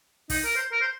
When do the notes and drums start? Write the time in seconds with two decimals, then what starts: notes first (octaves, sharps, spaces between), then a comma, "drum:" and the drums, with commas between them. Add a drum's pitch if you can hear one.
0.30 D#4, drum: kick, open hi-hat
0.45 A#4
0.56 C5
0.72 A#4
0.81 C5